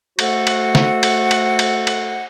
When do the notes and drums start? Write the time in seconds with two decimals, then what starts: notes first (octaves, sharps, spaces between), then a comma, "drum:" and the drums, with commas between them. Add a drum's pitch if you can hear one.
0.19 A3 F#4 A4 C5 F#5, drum: cymbal
0.47 drum: cymbal
0.75 drum: snare
1.03 drum: cymbal
1.31 drum: cymbal
1.59 drum: cymbal
1.87 drum: cymbal